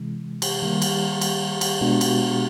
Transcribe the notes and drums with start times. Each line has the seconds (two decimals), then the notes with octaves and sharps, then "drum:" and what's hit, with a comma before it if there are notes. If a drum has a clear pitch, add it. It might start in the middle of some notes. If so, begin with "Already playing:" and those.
Already playing: C3 E3 G#3
0.42 drum: cymbal
0.62 D#3 G3 A#3
0.82 drum: cymbal
1.21 drum: cymbal
1.61 drum: cymbal
1.81 B2 G#3 B3 D4 F#4
2.01 drum: cymbal